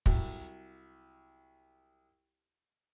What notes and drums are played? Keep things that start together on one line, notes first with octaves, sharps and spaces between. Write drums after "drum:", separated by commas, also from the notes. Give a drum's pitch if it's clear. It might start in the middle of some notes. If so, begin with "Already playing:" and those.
C2 F#3, drum: kick